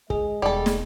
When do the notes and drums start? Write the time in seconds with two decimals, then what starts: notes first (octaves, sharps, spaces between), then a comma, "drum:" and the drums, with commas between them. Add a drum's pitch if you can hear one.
0.10 G#3 G#4 D#5, drum: kick
0.42 E1 G3 A4
0.66 drum: snare